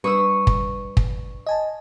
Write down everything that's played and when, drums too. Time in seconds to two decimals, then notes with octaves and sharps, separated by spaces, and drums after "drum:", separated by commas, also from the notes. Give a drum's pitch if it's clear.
0.04 G3 D4 B4 C#6 D#6 E6
0.47 drum: kick
0.97 drum: kick
1.47 D#5 G#5 A5